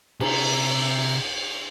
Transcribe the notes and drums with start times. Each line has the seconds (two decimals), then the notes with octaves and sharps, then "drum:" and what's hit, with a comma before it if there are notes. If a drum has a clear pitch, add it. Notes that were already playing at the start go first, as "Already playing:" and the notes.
0.20 C3 A#5, drum: cymbal